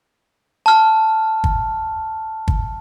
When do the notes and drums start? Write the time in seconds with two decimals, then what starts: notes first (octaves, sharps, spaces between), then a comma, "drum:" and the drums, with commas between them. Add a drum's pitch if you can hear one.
0.66 A5 F6
1.44 drum: kick
2.48 drum: kick